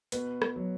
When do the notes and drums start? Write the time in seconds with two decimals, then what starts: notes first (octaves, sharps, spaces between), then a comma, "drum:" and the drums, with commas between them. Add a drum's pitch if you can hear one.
0.12 B2 B4, drum: hi-hat
0.42 drum: rim click
0.56 F#3